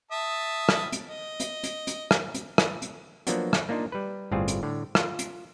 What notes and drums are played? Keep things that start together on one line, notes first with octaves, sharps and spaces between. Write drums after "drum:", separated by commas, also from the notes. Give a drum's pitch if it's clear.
E5 A5 D#6
drum: rim click
drum: hi-hat
D#5
drum: hi-hat
drum: hi-hat
drum: hi-hat
drum: rim click
drum: hi-hat
drum: rim click
drum: hi-hat
F3 F#3 A#3 B3 D4 F#4, drum: hi-hat
drum: rim click
A#3 D4 D#4 F4
G3 B4
G1 A2 G3 C4 F4 G#4
drum: hi-hat
A2 D3
F4, drum: rim click
drum: hi-hat